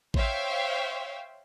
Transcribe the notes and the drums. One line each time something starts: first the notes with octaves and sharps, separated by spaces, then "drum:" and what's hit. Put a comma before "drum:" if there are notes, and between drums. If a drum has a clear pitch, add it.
C5 C#5 E5 F5 G5, drum: kick A1